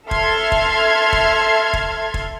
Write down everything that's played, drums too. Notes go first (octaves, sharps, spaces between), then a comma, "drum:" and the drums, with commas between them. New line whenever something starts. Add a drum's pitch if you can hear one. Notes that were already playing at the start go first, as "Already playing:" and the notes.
A4 E5 A5 C6 F6 G#6, drum: kick
drum: kick
drum: kick
drum: kick
drum: kick